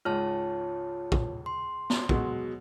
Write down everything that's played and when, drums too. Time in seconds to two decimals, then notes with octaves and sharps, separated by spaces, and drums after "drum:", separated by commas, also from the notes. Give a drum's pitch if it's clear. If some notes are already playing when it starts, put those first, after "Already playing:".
0.05 C#2 G#2 F4 C#5 A5 F6
1.12 drum: kick
1.46 C6
1.90 drum: snare
2.09 B2 F#3 G#3, drum: kick